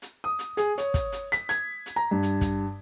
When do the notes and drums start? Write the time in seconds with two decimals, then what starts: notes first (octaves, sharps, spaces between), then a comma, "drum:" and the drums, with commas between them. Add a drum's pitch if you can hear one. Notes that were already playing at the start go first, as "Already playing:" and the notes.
0.02 drum: hi-hat
0.24 D#6
0.39 drum: hi-hat
0.57 G#4, drum: hi-hat
0.78 C#5, drum: hi-hat
0.94 drum: kick, hi-hat
1.12 drum: hi-hat
1.32 B6, drum: hi-hat
1.49 G#6, drum: hi-hat
1.86 drum: hi-hat
1.96 A#5
2.11 G2
2.23 drum: hi-hat
2.41 drum: kick, hi-hat